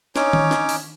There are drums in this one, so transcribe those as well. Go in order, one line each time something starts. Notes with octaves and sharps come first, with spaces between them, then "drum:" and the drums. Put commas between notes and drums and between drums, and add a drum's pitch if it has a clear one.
C#4 D#4 C#5 D6, drum: snare
drum: tom D#3
drum: snare
drum: open hi-hat